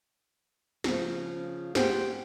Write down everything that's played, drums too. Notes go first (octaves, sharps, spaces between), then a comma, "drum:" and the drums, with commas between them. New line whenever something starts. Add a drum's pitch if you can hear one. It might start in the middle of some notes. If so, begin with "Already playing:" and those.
C#3 F3, drum: snare
G4 G#4 C5 F#5 G5, drum: snare